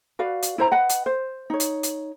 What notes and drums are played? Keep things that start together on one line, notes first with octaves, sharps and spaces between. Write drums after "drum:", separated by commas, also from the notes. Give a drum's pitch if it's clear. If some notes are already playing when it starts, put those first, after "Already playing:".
F#4 B4 D5 F5
drum: hi-hat
E4 C5 A#5
B4 D#5 F#5
drum: hi-hat
C5
D#4 C#5
drum: hi-hat
drum: hi-hat